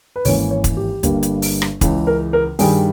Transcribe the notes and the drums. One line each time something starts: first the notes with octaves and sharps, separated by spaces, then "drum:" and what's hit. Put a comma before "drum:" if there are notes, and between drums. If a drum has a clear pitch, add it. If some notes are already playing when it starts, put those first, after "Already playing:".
B4
G#1 G#2 E3 A#3 C#4 C#5, drum: open hi-hat
C#5
drum: kick, hi-hat
G4
G1 G2 G3 A#3, drum: hi-hat
drum: hi-hat
drum: open hi-hat
drum: rim click
C#2 C#3 E3, drum: kick, hi-hat
A#4
A#4
G2 D#3 G3 G#4, drum: open hi-hat